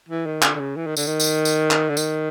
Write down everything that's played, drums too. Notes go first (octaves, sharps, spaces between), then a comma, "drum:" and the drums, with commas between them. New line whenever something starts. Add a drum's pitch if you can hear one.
E3
D#3
D3, drum: clap
D3
C#3
E3
D#3
D3, drum: tambourine
D#3
drum: tambourine
drum: tambourine
drum: clap
D3
D#3, drum: tambourine